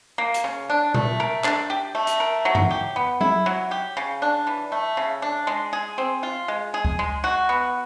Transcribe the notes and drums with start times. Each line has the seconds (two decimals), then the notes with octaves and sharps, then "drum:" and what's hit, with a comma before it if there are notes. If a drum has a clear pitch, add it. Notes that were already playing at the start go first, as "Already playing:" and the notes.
0.18 A#3
0.34 drum: hi-hat
0.44 C#3
0.70 D4
0.94 A3, drum: tom A#2
1.20 A#4
1.44 D4, drum: clap
1.70 G4
1.95 A3
2.07 drum: hi-hat
2.20 A#4
2.45 F#3
2.55 drum: tom F#2
2.70 G4
2.96 B3
3.21 E4, drum: tom F#3
3.46 F#3
3.71 G4
3.97 C#3
4.22 D4
4.47 E3
4.72 A3
4.97 C#3
5.22 D4
5.47 G#3
5.73 G#4
5.98 C4
6.23 F4
6.48 G#3
6.74 G#4
6.85 drum: kick C#2
6.99 G#3
7.24 F#4
7.49 B3